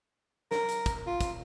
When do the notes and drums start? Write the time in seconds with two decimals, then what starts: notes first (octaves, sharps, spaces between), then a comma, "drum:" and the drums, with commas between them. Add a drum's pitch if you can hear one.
0.51 A#4, drum: snare
0.69 drum: hi-hat
0.86 drum: kick, hi-hat
1.07 F4
1.21 drum: kick, hi-hat